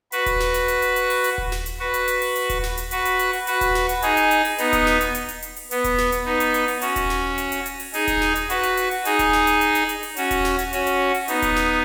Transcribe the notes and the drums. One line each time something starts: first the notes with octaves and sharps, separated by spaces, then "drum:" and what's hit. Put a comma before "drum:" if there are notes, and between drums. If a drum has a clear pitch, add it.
F#4 B4, drum: hi-hat
drum: kick D#1, hi-hat
drum: snare
drum: hi-hat
drum: hi-hat
drum: hi-hat
drum: hi-hat
drum: open hi-hat
drum: hi-hat
drum: kick D#1
drum: snare
drum: hi-hat
F#4 B4
drum: hi-hat
drum: hi-hat
drum: open hi-hat
drum: hi-hat
drum: kick D#1, hi-hat
drum: snare
drum: hi-hat
F#4 B4, drum: hi-hat
drum: hi-hat
drum: hi-hat
drum: open hi-hat
F#4 B4, drum: hi-hat
drum: kick D#1, hi-hat
drum: snare
drum: hi-hat
D#4 G#4, drum: hi-hat
drum: hi-hat
drum: hi-hat
drum: open hi-hat
B3 D#4, drum: hi-hat
drum: kick D#1, hi-hat
drum: snare
drum: hi-hat
drum: hi-hat
drum: hi-hat
drum: hi-hat
drum: open hi-hat
B3, drum: hi-hat
drum: kick D#1, hi-hat
drum: snare
drum: hi-hat
B3 D#4
drum: hi-hat
drum: hi-hat
drum: open hi-hat
C#4 F#4, drum: hi-hat
drum: kick D#1, hi-hat
drum: snare
drum: hi-hat
drum: hi-hat
drum: hi-hat
drum: open hi-hat
D#4 G#4, drum: hi-hat
drum: kick D#1, hi-hat
drum: snare
drum: hi-hat
F#4 B4, drum: hi-hat
drum: hi-hat
drum: hi-hat
drum: open hi-hat
D#4 G#4, drum: hi-hat
drum: kick D#1, hi-hat
drum: snare
drum: hi-hat
drum: hi-hat
drum: hi-hat
drum: hi-hat
drum: open hi-hat
C#4 F#4, drum: hi-hat
drum: kick D#1, hi-hat
drum: snare
drum: hi-hat
C#4 F#4, drum: hi-hat
drum: hi-hat
drum: open hi-hat
B3 D#4, drum: hi-hat
drum: kick D#1, hi-hat
drum: snare